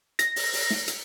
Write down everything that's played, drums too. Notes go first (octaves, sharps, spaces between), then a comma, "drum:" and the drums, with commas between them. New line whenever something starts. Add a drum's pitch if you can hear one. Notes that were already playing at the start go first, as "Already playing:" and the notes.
A#6, drum: hi-hat
drum: open hi-hat
drum: open hi-hat
drum: snare
drum: hi-hat